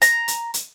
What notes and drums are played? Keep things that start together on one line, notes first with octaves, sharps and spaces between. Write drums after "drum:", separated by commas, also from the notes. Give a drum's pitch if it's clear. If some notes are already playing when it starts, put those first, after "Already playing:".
A#5, drum: hi-hat
drum: hi-hat
drum: hi-hat